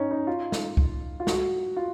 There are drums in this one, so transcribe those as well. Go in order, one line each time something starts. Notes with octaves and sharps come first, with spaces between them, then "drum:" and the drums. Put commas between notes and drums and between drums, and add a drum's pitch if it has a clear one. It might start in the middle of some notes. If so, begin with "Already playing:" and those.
Already playing: C#4 D#4
D#4
F4
drum: snare
drum: kick C2
F4
F#4, drum: snare
F4